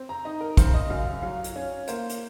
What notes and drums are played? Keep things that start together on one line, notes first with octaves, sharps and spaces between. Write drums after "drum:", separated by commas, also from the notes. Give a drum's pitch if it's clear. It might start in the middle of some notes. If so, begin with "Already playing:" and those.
Already playing: C4
A#5
D#4 D#5
A#4
C#3 C5, drum: kick, hi-hat
D#5
F#2 F5
F5
F#3 F5
drum: hi-hat
C#4
A#3 C5, drum: hi-hat
drum: hi-hat